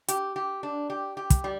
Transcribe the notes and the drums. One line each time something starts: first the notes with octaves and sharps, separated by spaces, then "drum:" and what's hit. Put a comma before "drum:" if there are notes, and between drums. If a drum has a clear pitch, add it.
G4, drum: hi-hat
G4
D4
G4
G4
drum: kick, hi-hat
G3